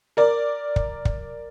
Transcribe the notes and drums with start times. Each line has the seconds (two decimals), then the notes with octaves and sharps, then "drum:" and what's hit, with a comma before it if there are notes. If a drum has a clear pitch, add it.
0.17 A#4 D5
0.76 drum: kick
1.05 drum: kick